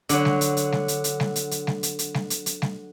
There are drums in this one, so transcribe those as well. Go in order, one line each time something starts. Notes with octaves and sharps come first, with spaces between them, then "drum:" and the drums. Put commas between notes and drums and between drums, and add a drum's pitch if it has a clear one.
D3 F#3, drum: hi-hat
drum: snare G3
drum: hi-hat
drum: hi-hat
drum: snare G3
drum: hi-hat
drum: hi-hat
drum: snare G3
drum: hi-hat
drum: hi-hat
drum: snare G3
drum: hi-hat
drum: hi-hat
drum: snare G3
drum: hi-hat
drum: hi-hat
drum: snare G3